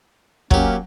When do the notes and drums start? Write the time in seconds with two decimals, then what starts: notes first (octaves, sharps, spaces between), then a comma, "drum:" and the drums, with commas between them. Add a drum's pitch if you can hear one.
0.51 F#3 A#3 C#4 G4, drum: kick